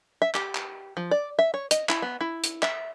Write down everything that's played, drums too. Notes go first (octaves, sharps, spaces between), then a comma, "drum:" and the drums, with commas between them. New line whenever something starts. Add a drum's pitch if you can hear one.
E5
G4, drum: clap
drum: clap
F3
D5
E5
C#5
D#5, drum: hi-hat
E4, drum: clap
B3
E4
drum: hi-hat
E5, drum: clap